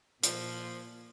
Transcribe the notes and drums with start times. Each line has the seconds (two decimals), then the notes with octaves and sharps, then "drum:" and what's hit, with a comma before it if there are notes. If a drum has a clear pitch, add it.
0.23 A#2 F3, drum: hi-hat